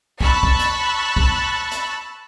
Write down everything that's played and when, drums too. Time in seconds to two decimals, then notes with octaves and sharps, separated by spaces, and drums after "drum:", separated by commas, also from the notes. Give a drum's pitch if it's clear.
0.21 A5 B5 C#6 E6 F#6, drum: kick
0.43 drum: kick
0.59 drum: hi-hat
1.16 drum: kick
1.72 drum: hi-hat